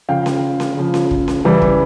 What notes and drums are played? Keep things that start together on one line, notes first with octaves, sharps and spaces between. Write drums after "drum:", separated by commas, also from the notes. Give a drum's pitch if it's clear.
C#3 F3 F5 G5
drum: snare C#4
drum: snare C#4
C#3 F3
drum: snare C#4
drum: kick
drum: snare C#4
C#3 E3 G3
drum: kick